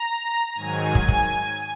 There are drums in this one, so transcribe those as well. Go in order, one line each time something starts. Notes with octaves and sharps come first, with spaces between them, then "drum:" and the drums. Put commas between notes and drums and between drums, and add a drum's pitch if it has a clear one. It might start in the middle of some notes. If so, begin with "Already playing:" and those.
Already playing: A#5
G#2 D#3 F#3 G#5
drum: kick
drum: kick